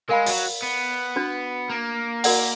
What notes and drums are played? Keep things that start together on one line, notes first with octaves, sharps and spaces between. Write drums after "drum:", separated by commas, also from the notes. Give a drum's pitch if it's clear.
G#3 A#4 F5 B5
F#3, drum: open hi-hat
B3
D4 F#4 B4
A#3
F#4 A#4 D5 F#5, drum: open hi-hat